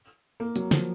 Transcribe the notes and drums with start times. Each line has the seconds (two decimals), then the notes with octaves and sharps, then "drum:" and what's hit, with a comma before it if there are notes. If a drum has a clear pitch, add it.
0.40 A#3
0.56 F#3, drum: hi-hat
0.71 F3, drum: snare